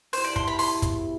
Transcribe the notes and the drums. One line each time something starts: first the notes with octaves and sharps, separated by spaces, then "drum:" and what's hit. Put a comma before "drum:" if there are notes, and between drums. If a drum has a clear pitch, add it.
B2 B3 E4 G4 C5, drum: open hi-hat
D5
C6, drum: kick
B5
C6, drum: open hi-hat
drum: kick, hi-hat